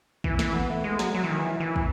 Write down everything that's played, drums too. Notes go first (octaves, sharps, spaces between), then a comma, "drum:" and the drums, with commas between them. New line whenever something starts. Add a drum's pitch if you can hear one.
E3, drum: kick
E3, drum: snare
B3
A3
G#3
F#3, drum: snare
F#3
E3
D#3
E3
E3
drum: kick